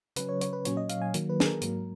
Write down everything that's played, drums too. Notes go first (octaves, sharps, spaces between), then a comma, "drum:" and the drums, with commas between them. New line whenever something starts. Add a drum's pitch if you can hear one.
C#3 F#3 C#4 B4, drum: hi-hat
C#5
C#5, drum: hi-hat
B4
A#2 F#3 C#4 C#5, drum: hi-hat
D#5
F5, drum: hi-hat
G#5
D#3 F#3 A#3, drum: hi-hat
B4
G#4, drum: snare
A#4
G#2 F#3 A#3, drum: hi-hat